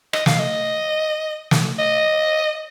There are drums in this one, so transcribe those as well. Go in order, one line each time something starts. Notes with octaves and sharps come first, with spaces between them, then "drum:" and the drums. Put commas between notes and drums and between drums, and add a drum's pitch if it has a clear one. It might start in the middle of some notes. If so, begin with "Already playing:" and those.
D#5, drum: rim click
F5, drum: snare
D#5
drum: snare
D#5